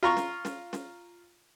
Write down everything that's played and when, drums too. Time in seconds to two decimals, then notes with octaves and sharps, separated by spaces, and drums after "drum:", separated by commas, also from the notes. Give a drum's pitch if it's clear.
0.03 F4 A#5 C#6
0.17 drum: snare
0.45 drum: snare
0.73 drum: snare